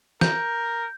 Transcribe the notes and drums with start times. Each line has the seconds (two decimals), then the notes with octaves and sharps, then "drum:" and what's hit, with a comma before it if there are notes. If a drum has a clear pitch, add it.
0.21 A#4 G6, drum: snare